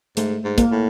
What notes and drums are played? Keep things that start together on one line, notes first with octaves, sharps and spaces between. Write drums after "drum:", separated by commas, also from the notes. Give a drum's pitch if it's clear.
G#2 A3, drum: hi-hat
G#2
A#3, drum: kick, hi-hat
A2